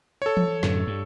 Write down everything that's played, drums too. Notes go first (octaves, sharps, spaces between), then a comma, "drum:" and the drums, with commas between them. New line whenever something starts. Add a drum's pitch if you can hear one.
A4 C#5
drum: tom E3
F#2 A2 D3, drum: snare
G2